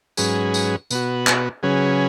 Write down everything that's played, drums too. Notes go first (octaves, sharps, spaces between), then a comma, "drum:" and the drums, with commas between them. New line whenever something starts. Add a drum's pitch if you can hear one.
G#2 F#3 C#4 G#4 B4, drum: tambourine
drum: tambourine
B2 B3 F#4, drum: tambourine
drum: clap
C#3 F#3 C#4 G#4 B4